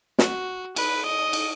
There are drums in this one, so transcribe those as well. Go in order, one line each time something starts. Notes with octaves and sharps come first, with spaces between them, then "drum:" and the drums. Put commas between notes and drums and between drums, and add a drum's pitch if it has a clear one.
F#4, drum: snare
B4, drum: cymbal
D#5
drum: cymbal